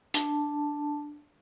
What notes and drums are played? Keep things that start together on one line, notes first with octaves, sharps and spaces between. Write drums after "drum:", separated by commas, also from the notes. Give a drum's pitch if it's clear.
D4 A5, drum: hi-hat